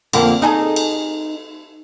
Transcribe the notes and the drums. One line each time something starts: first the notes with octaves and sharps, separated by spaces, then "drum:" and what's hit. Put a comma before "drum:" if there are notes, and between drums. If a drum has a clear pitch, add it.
F2 D3 A#3, drum: cymbal
D#4 G#4 A4
drum: cymbal